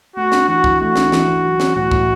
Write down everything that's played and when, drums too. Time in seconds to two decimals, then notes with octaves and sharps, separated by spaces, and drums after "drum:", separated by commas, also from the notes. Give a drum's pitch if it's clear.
0.16 A3 F#4
0.32 D4, drum: snare
0.48 E3 F#4
0.64 E3, drum: kick
0.81 A3 F#4
0.96 D4, drum: snare
1.12 E3, drum: snare
1.28 E3
1.45 F#3
1.60 C#4, drum: snare
1.75 A2 F#4
1.91 A2, drum: kick